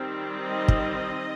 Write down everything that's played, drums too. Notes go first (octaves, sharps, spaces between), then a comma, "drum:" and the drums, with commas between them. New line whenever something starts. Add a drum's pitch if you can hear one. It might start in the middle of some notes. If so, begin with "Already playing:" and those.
Already playing: D#3 G3 C4
D#5
drum: kick